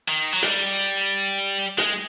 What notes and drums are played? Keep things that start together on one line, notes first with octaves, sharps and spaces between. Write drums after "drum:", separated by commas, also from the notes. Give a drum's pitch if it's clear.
D#3
F#3
G3, drum: hi-hat
G#3, drum: hi-hat